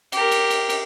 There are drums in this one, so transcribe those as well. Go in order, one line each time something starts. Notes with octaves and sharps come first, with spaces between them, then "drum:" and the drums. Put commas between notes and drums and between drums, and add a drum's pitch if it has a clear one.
G4 A#4, drum: cymbal
drum: cymbal
drum: cymbal
drum: cymbal